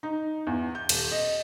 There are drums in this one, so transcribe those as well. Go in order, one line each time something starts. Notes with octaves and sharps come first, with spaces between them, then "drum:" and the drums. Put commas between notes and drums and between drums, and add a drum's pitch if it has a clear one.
D#4
E2
G6
D#1, drum: cymbal
D#5